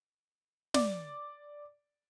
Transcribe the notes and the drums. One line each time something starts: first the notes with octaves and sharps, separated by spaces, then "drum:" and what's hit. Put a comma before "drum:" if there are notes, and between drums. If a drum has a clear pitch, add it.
D5, drum: snare